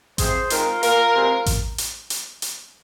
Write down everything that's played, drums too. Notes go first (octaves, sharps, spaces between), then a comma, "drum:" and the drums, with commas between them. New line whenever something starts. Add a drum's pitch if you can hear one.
C3 F3 C4 G#4 C5, drum: kick A1, hi-hat
D#3 G#3 C4 F4 A#4, drum: hi-hat
A#2 A#3 F4 A#4, drum: hi-hat
C3 G#3 C4
drum: kick A1, hi-hat
drum: hi-hat
drum: hi-hat
drum: hi-hat